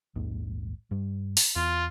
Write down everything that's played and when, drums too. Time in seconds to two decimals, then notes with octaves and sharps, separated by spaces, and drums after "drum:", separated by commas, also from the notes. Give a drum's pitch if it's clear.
0.16 A#1 D#2 G#2
0.91 G2 G3
1.37 drum: open hi-hat
1.56 E2 F4